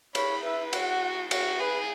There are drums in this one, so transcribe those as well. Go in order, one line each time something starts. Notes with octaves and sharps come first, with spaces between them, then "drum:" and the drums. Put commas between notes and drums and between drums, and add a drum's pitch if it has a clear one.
C#5 B5, drum: cymbal
B4 E5
F#4 F#5, drum: cymbal
F#4, drum: cymbal
G#4 B4